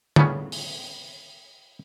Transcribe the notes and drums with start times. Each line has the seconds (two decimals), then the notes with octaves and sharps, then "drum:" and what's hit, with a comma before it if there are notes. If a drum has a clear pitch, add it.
0.16 A2 C#3 G3 B3 C#4, drum: tom
0.52 drum: open hi-hat